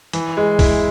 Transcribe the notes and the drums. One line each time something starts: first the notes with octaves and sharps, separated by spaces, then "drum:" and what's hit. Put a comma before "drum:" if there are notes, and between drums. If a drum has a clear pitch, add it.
E3, drum: hi-hat
G#3
E4, drum: kick, open hi-hat